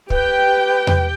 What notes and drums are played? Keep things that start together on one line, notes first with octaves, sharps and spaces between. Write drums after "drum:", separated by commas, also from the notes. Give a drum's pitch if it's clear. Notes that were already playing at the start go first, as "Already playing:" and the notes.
G4 B4 G5, drum: kick
drum: tom E2